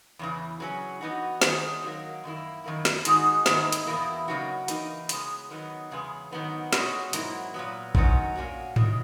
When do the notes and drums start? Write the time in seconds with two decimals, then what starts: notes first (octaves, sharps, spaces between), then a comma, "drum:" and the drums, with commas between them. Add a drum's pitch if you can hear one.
0.19 E2 C#3 E3
0.60 C#3 F#3 C#4
1.01 E3 B3 D#4 F#4
1.42 D#3 G#3 C#4 F#4, drum: snare
1.83 D#3 F#3 A#3
2.24 F#2 D#3 A#3 E4
2.64 F#2 D#3 A#3 E4
2.85 drum: snare
3.05 G#2 D#3 G#3 D#4 F#4, drum: hi-hat
3.46 G#2 D#3 A#3 E4, drum: snare
3.72 drum: hi-hat
3.87 E2 B2 A#3 E4
4.28 C#3 F#3 A#3 D#4 F#4
4.68 E3 A#3 D#4, drum: hi-hat
5.09 C#3 G#3 B3, drum: hi-hat
5.51 D#3 F#3 B3 D#4
5.91 E2 C#3 G#3 B3
6.32 G#2 D#3 F#3 B3 D#4
6.73 B2 G#3 C#4 F#4, drum: snare
7.13 G#2 F#3 A#3 E4, drum: hi-hat
7.54 A#2 F#3 B3
7.95 G#2 D#3 F#3 C#4 F#4, drum: kick
8.36 A#2 A#3 C#4 F#4
8.76 E2 D#3 F#3, drum: tom G#2